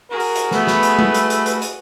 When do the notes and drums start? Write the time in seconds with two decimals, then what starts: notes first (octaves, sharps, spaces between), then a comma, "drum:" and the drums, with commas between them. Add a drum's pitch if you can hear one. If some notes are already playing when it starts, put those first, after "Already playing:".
0.10 F#4 G#4 A#4
0.20 drum: open hi-hat
0.36 drum: hi-hat
0.51 A3 B3 B4, drum: snare
0.67 drum: snare
0.83 drum: hi-hat
0.99 drum: tom G3
1.14 drum: hi-hat
1.30 drum: hi-hat
1.46 drum: hi-hat
1.62 drum: hi-hat